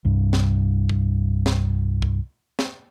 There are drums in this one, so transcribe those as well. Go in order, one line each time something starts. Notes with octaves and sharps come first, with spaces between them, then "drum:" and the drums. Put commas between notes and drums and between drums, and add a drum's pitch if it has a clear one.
C2 G2
drum: snare
drum: kick
drum: snare
drum: kick
drum: snare